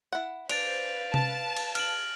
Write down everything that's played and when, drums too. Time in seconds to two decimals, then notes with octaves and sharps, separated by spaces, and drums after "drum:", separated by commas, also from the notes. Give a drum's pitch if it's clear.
0.13 E4 F#5
0.49 D4 B4 C5 F5 A6 D7 F7, drum: cymbal
1.14 A5, drum: tom C3
1.56 drum: cymbal
1.75 F6 D7 F#7, drum: cymbal